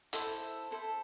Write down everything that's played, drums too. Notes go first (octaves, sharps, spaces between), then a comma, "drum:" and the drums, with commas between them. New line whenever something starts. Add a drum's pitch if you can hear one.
E4 A4 C5 E5, drum: hi-hat
E4 A4 C5 E5